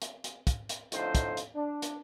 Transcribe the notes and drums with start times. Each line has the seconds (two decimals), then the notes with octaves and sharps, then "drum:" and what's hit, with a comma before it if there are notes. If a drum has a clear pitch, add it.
0.02 drum: hi-hat
0.24 drum: hi-hat
0.47 drum: kick, hi-hat
0.69 drum: hi-hat
0.92 F2 A2 D3 D#4 F4 C5, drum: hi-hat
1.15 drum: kick, hi-hat
1.37 drum: hi-hat
1.55 D4
1.82 drum: hi-hat